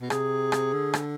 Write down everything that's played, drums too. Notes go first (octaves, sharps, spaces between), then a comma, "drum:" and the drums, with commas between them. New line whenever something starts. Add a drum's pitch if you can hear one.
B2
C3 G#4, drum: rim click
drum: rim click
D3
drum: rim click